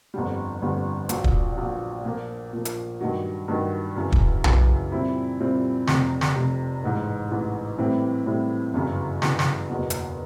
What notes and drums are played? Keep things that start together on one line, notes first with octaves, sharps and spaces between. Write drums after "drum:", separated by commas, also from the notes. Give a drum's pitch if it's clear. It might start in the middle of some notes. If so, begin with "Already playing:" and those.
G1 F2 D3 G3
G1 F2 D3 G3
A#1 A#2 F#3, drum: hi-hat
drum: kick
A#1 A#2 F#3
A#2 F3 A#3
A#2 F3 A#3
drum: hi-hat
G2 D#3 F#3
G2 D#3 F#3
F#2 C#3 E3
drum: kick
F#2 C#3 E3, drum: tom B1
A#2 G3 C4 E4
A#2 G3 C4 E4
F1 F2 C3, drum: snare
drum: snare
F1 F2 C3
A1 G#2 E3
A1 G#2 E3
A2 E3 G3 C4 E4
A2 E3 G3 C4 E4
G1 F#2 C#3 E3
G1 F#2 C#3 E3, drum: snare
drum: snare
F#1 E2 B2
drum: hi-hat